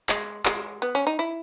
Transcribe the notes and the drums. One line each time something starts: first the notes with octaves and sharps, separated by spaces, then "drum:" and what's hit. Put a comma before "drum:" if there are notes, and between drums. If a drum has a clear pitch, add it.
G#3, drum: clap
G#3, drum: clap
B3
C#4
D#4
E4